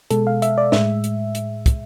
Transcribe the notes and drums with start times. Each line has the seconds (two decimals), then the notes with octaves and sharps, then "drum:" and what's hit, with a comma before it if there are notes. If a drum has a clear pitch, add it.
0.11 B2 G#3 A4, drum: hi-hat
0.27 F5
0.42 E5, drum: hi-hat
0.58 D5
0.72 A2 G#3 E5, drum: snare
1.04 drum: hi-hat
1.35 drum: hi-hat
1.66 drum: kick, hi-hat